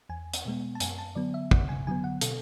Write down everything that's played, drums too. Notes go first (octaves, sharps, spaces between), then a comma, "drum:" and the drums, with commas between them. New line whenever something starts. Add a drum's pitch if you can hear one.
E2 G#5
drum: hi-hat
B2 G#3 B3
A5
F#2 G#5, drum: hi-hat
A5
D3 F#3 B3 D5
E5
F#2 F#5, drum: kick
G#5
D3 F#3 B3 G#5
F#5
B2 A4, drum: hi-hat